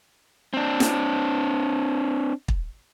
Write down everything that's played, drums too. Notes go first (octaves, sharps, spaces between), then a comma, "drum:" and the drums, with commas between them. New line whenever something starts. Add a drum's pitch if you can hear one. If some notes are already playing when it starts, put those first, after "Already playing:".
C4 D4
drum: snare
drum: kick